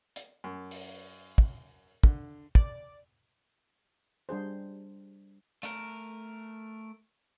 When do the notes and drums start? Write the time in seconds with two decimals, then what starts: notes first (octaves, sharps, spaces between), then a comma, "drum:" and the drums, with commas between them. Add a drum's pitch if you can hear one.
0.16 drum: hi-hat
0.44 F#2
0.71 drum: open hi-hat
1.38 drum: kick
2.03 D3, drum: kick
2.55 D5, drum: kick
4.29 G3 D4 G#4 C5
5.63 A3 A#4, drum: hi-hat